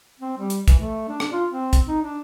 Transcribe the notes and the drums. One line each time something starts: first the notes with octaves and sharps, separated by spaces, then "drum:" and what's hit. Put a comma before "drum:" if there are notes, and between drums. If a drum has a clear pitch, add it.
C4
G3
drum: hi-hat
E3, drum: kick, hi-hat
A3
D4
drum: rim click
F4
C4
drum: kick, hi-hat
D#4
D4